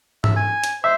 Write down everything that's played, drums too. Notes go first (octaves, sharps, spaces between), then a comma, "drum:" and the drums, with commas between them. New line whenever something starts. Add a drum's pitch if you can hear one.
E5, drum: tom G#2
G#5
drum: hi-hat
C5 E5